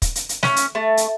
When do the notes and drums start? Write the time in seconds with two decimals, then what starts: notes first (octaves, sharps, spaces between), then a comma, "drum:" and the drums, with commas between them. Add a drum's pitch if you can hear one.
0.02 drum: kick, hi-hat
0.15 drum: hi-hat
0.29 drum: hi-hat
0.43 C#4, drum: snare
0.56 drum: hi-hat
0.75 A3
0.97 drum: hi-hat